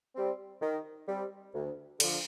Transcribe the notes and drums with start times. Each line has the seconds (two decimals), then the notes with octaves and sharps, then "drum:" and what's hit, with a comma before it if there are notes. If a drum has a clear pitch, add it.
0.15 G3 C4
0.62 D#3
1.08 G3 C4
1.54 D2
2.00 D3 F3, drum: cymbal